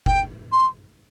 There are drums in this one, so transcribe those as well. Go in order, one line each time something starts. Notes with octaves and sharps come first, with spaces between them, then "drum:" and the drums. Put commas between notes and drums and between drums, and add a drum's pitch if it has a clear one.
G5, drum: kick F#1
C6